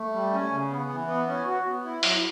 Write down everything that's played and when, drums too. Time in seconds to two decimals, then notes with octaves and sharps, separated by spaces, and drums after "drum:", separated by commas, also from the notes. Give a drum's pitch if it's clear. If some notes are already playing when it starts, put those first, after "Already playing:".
Already playing: A3
0.13 G3
0.33 C#4
0.51 C#3
0.70 B3
0.90 E3
1.08 B3
1.27 C#4
1.46 F#4
1.65 B3
1.84 E4
2.03 F#3, drum: open hi-hat